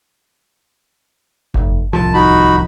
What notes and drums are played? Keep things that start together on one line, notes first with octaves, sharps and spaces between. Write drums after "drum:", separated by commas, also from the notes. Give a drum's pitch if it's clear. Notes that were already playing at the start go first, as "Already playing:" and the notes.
F1, drum: kick G1
D1 C2 F3 A5
D#4 F#4 B5